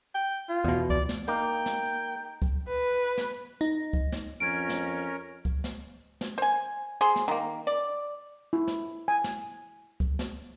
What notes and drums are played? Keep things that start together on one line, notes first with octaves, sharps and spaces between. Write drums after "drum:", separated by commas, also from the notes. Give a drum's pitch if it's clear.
G5
F4
E2 B2
D5, drum: kick C#2
drum: snare
A#3 D#4 G5
drum: snare
drum: kick C#2
B4
drum: snare
D#4
drum: kick C#2
drum: snare
F2 C#4 A#4 G#6 D7
drum: snare
drum: kick C#2
drum: snare
drum: snare
C5 G#5
G#4 C5 C6
drum: snare
D#3 A#3
D5
E4
drum: snare
G#5
drum: snare
drum: kick C#2
drum: snare